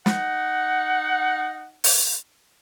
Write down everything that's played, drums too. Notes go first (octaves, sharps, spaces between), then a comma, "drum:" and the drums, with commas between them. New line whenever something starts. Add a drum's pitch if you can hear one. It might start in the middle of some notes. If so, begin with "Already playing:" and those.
D#4 F#5, drum: snare
drum: open hi-hat